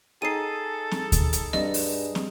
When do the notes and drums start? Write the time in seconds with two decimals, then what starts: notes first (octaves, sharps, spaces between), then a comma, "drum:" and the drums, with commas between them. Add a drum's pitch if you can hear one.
0.22 D#4 G#4 A4 C7 D#7
0.91 drum: snare
1.12 drum: kick D2, hi-hat
1.33 drum: hi-hat
1.53 G2 D#5, drum: snare
1.74 drum: open hi-hat
2.15 drum: snare